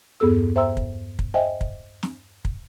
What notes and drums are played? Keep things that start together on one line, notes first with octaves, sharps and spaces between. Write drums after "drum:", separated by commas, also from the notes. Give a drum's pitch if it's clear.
E2 G2 B3 G#4 A4 E6
C5 E5 G5 A#5 C6 E6
drum: kick
drum: kick
C5 D#5 E5 G5 G#5
drum: kick
drum: snare
drum: kick